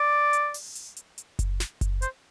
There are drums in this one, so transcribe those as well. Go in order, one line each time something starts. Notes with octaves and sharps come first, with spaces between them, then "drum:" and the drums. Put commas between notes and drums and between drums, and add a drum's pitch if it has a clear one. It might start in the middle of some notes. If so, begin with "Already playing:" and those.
Already playing: D5
drum: hi-hat
drum: open hi-hat
drum: hi-hat
drum: hi-hat
drum: hi-hat
drum: kick F#1, hi-hat
drum: snare
drum: kick F#1, hi-hat
C5, drum: hi-hat